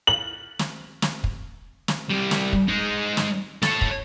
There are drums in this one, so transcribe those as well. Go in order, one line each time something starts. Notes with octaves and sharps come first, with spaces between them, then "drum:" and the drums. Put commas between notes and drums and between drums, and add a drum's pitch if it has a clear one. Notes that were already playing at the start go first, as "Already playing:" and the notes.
F#7
drum: snare
drum: snare
drum: kick
drum: snare
C2 G3
drum: snare
drum: kick
G#3 D#4
drum: snare
A4 C#5, drum: snare
drum: kick